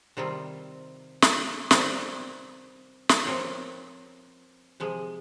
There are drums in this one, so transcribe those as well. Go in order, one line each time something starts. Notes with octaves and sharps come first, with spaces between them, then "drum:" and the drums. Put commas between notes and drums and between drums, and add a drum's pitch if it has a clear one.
C3 D#3 G3 C4 F4
drum: snare
G3 C4 D#4 A#4, drum: snare
drum: snare
F3 C4 F4 A#4 C#5
C3 F3 G#3